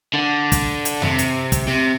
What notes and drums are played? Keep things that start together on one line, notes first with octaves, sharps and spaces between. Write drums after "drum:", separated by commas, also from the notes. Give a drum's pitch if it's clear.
D3
drum: kick, hi-hat
drum: hi-hat
C3, drum: tom F2
drum: hi-hat
drum: kick, hi-hat
C3